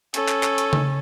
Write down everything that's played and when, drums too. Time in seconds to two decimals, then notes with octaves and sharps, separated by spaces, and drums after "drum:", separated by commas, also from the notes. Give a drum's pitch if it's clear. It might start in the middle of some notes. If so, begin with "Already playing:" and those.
0.14 C#4 A4, drum: hi-hat
0.29 drum: clap
0.43 drum: clap
0.58 drum: hi-hat
0.73 drum: tom C#3